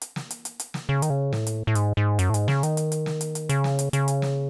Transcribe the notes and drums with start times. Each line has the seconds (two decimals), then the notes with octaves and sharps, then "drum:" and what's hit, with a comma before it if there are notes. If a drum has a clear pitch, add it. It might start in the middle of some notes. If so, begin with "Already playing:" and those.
0.02 drum: hi-hat
0.16 drum: snare
0.31 drum: hi-hat
0.45 drum: hi-hat
0.60 drum: hi-hat
0.74 drum: snare
0.89 C#3
1.02 D#3, drum: hi-hat
1.10 C#3
1.33 A2, drum: snare
1.47 drum: hi-hat
1.67 A2
1.75 G#2, drum: hi-hat
1.97 G#2
2.19 F#2, drum: hi-hat
2.30 A2
2.34 G#2, drum: hi-hat
2.48 C#3, drum: snare
2.63 D#3, drum: hi-hat
2.77 drum: hi-hat
2.92 drum: hi-hat
3.06 drum: snare
3.21 drum: hi-hat
3.35 drum: hi-hat
3.49 C#3, drum: hi-hat
3.64 drum: snare
3.79 drum: hi-hat
3.93 C#3, drum: hi-hat
4.08 drum: hi-hat
4.22 drum: snare